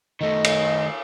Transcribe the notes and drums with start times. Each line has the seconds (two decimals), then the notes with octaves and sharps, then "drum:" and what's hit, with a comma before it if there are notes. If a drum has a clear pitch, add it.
0.21 D#3 A3 D#5
0.44 drum: cymbal